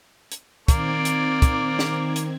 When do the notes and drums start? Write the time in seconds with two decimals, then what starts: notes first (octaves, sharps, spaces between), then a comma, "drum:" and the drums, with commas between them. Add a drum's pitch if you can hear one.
0.32 drum: hi-hat
0.68 D#3 A#3 C4 D5 G#6, drum: kick, hi-hat
1.05 drum: hi-hat
1.42 drum: kick, hi-hat
1.79 drum: snare
2.16 drum: hi-hat